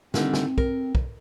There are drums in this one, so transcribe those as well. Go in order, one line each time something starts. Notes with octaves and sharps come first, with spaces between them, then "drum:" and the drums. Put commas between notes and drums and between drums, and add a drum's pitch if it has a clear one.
D3 D#3 G3 C4, drum: snare
drum: snare
A#4, drum: kick
drum: kick